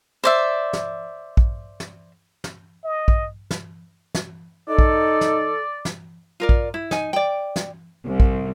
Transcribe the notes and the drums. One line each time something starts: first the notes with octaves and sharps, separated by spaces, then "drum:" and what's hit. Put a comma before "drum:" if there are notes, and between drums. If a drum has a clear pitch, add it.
C5 D5 E5
drum: snare
drum: kick
drum: snare
drum: snare
D#5
drum: kick
drum: snare
drum: snare
D#4 A4 D5
drum: kick
drum: snare
drum: snare
F4 A#4 D5
drum: kick
E4
D#4 G#5, drum: snare
D5 G5
drum: snare
C2
drum: kick